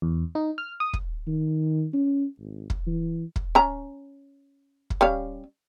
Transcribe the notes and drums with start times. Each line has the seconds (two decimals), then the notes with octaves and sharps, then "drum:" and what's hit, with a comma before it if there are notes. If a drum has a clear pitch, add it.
0.02 E2
0.35 D#4
0.58 F6
0.80 D#6
0.93 drum: kick
1.27 D#3
1.93 C#4
2.39 G#1
2.70 drum: kick
2.86 E3
3.36 drum: kick
3.55 C#4 A#5
4.90 drum: kick
5.01 G3 C#4 F5